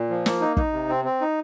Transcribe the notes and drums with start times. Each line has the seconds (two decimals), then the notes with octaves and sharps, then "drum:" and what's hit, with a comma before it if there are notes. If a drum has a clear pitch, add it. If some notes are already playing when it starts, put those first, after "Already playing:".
Already playing: A#2
0.10 F3
0.26 A#3, drum: snare
0.41 D#4
0.57 D#4, drum: kick
0.73 C3
0.89 C4
1.05 C4
1.21 D#4